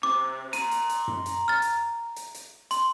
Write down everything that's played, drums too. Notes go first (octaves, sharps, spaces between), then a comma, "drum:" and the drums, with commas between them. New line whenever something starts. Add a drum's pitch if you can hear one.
C3 D6
A#5 C6 D#7, drum: hi-hat
drum: hi-hat
drum: hi-hat
drum: tom F#2
drum: hi-hat
F6 A6
drum: hi-hat
drum: hi-hat
drum: hi-hat
C6, drum: hi-hat